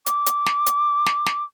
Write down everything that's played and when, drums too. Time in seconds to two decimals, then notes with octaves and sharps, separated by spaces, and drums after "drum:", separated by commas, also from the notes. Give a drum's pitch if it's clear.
0.06 D6, drum: hi-hat
0.26 drum: hi-hat
0.46 drum: snare
0.66 drum: hi-hat
1.06 drum: snare
1.26 drum: snare